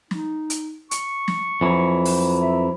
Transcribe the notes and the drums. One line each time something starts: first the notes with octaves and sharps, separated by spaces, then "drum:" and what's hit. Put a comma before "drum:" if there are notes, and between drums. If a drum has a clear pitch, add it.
D#4, drum: snare
drum: hi-hat
C#6, drum: hi-hat
drum: snare
F2 E3 F#3
drum: open hi-hat
E5